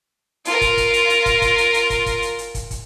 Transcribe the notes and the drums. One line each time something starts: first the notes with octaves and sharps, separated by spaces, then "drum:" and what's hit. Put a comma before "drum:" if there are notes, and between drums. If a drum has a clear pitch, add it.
F4 A#4, drum: hi-hat
drum: kick, hi-hat
drum: kick, hi-hat
drum: hi-hat
drum: hi-hat
drum: kick, hi-hat
drum: kick, hi-hat
drum: hi-hat
drum: hi-hat
drum: kick, hi-hat
drum: kick, hi-hat
drum: hi-hat
drum: hi-hat
drum: kick, hi-hat
drum: kick, hi-hat